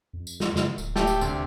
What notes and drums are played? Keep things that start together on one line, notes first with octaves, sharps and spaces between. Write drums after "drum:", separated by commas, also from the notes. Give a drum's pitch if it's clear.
F2
drum: tambourine
drum: snare
C#3, drum: snare
D1, drum: tambourine
A3 G4, drum: snare
drum: tambourine
D2 C3, drum: tambourine